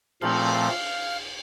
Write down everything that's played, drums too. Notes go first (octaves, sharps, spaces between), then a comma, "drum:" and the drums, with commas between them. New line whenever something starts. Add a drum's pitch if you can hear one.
A#2 F3 A3 C4 F5, drum: cymbal